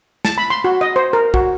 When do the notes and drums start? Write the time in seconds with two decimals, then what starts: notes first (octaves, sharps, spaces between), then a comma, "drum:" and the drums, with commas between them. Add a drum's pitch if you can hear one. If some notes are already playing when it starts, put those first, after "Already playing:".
0.25 A5, drum: snare
0.38 B5
0.50 C6
0.64 F#4
0.81 D#5
0.96 C5
1.13 A#4
1.34 F#4, drum: kick